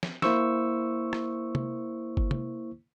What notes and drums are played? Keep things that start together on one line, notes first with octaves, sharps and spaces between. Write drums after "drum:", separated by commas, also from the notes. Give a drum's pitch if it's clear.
drum: snare
A#3 E4 C5 C#6 E6, drum: snare
drum: rim click
drum: tom C3
drum: kick G1
drum: tom C3